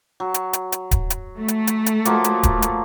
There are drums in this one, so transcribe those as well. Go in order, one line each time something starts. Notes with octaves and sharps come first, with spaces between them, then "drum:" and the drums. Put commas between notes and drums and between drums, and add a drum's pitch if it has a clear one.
F#3
drum: hi-hat
drum: hi-hat
drum: hi-hat
drum: kick D1, hi-hat
drum: hi-hat
A3
drum: hi-hat
drum: hi-hat
drum: hi-hat
F3 F#3 A#3, drum: hi-hat
drum: hi-hat
drum: kick D1, hi-hat
drum: hi-hat